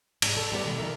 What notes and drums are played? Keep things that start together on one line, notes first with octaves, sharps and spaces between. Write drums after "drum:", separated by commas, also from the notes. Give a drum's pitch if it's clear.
G#2 C3 D#4, drum: cymbal
A4
G3 A3 B3 A4 D5
B2 D#3
F3 D#4 A#4 E5